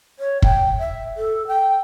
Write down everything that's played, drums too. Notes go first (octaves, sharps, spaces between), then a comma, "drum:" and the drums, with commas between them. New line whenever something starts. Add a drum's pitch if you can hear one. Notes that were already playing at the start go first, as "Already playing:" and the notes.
C#5
G5, drum: kick
E5
A4
G5